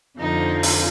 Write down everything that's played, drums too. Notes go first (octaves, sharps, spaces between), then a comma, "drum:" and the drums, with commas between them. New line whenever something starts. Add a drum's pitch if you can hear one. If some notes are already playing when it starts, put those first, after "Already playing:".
F2 D3 F3 D#4
drum: open hi-hat